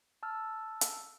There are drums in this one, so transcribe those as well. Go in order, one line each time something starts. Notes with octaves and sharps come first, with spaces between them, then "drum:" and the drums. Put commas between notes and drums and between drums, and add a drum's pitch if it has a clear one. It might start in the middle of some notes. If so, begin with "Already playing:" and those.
A5 E6 F6
drum: hi-hat